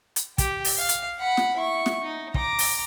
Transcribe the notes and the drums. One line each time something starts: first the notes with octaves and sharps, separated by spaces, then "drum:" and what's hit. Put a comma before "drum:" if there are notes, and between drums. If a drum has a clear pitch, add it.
drum: hi-hat
G4, drum: kick, hi-hat
drum: open hi-hat
F5
drum: hi-hat
F#5 B5
drum: snare
E4 C#6
drum: snare
D#4
A#5 D6, drum: kick
drum: open hi-hat